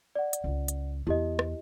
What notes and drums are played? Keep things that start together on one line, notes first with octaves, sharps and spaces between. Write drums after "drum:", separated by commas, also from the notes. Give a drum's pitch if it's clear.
D5 F#5
drum: hi-hat
C#2 F4
drum: hi-hat
E2 E4 G4 D#5
drum: rim click